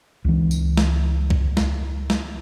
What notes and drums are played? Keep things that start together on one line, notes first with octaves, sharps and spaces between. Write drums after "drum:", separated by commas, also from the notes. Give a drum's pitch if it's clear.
C#2 E3
drum: tambourine
drum: snare
drum: kick C2
drum: snare
drum: snare